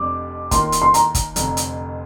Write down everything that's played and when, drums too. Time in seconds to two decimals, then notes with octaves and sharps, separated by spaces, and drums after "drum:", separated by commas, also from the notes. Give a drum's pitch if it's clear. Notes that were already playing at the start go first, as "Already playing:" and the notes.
Already playing: F1 F2 C3 G3 D4 D6
0.51 D#2 D#3 A#3 F4 C6, drum: kick, hi-hat
0.72 drum: hi-hat
0.82 C6
0.94 A#5, drum: hi-hat
1.15 drum: kick, hi-hat
1.36 F1 F2 D3, drum: hi-hat
1.57 drum: hi-hat